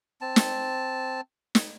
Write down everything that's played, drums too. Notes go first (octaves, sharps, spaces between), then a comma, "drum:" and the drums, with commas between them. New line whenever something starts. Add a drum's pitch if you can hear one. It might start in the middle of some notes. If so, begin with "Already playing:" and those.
C4 A5
drum: snare
drum: snare